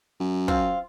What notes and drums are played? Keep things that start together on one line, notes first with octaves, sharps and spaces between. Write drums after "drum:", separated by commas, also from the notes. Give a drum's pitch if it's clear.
F#2
C4 F4, drum: kick